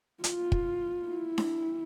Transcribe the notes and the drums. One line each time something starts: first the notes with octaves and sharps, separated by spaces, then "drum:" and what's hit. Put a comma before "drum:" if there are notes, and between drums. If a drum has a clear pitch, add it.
F4, drum: hi-hat
drum: kick
E4
drum: snare D4